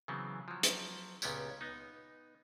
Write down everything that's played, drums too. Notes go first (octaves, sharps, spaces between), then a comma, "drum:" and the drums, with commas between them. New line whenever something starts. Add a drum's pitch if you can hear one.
C#3 E3 F#3 B3 C4
F3 F#3
drum: hi-hat
C#2 A#2 B3 C#4 G4, drum: tambourine
B3 D#4